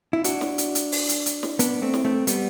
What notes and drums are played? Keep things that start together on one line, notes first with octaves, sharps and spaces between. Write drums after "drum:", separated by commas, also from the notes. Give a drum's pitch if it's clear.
E4
D4 F#4, drum: hi-hat
drum: snare
drum: hi-hat
drum: hi-hat
drum: open hi-hat
drum: hi-hat
drum: hi-hat
drum: snare
B3 D4, drum: hi-hat
A3 C4
drum: snare
A3 C4
G3 B3, drum: hi-hat